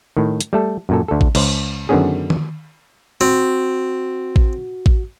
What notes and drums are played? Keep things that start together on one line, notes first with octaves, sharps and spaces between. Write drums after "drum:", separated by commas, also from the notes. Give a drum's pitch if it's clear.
A2 D#3
drum: hi-hat
G3 A3 A4
F#2 A#2 A4
D2 A4
drum: kick A1
C#2 C5, drum: cymbal
F#2 D3 D#3 B3 C#4 G#4
drum: tom D#3
C4 F#4
drum: kick A1
drum: kick A1